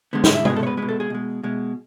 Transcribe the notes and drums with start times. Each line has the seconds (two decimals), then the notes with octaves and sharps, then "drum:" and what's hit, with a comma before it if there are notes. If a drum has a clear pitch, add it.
0.13 D3 G#3 B3
0.24 C#4, drum: snare
0.35 E4
0.45 B2 G#3 G#4, drum: tom C3
0.56 A4
0.63 C#5
0.67 B4
0.77 B2 G#3 B4
0.89 A4
1.00 G#4
1.10 B2 G#3
1.43 B2 G#3